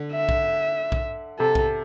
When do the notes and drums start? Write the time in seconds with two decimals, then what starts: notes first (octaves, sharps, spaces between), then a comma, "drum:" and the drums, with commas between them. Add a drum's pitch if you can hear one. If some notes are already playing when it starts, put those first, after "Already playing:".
Already playing: D3
0.12 E5
0.29 drum: kick B1
0.92 drum: kick B1
1.39 C3 A4
1.55 drum: kick B1